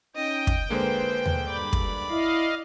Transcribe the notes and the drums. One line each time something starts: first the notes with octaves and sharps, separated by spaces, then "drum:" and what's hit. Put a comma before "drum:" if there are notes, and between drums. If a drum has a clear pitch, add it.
C#4 D#4 D#5 G5
drum: kick
D3 G#3 A#3 B4 C5
drum: tom D#2
G2 D5 B5
drum: kick
E4 D#5 F5